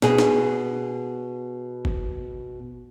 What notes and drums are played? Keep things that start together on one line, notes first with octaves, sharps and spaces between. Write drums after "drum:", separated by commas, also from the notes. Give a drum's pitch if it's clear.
B2 G#4, drum: snare
drum: snare
drum: kick